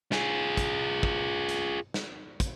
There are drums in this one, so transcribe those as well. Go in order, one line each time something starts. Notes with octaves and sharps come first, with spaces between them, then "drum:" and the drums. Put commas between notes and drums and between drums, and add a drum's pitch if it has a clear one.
F4 G#4, drum: snare
drum: kick, hi-hat
drum: kick
drum: hi-hat
drum: snare
drum: kick, hi-hat